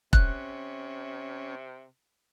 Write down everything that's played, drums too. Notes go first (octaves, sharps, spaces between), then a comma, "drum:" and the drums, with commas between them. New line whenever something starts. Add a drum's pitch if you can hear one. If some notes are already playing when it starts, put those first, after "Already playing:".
C3 C#4 F#6, drum: kick E1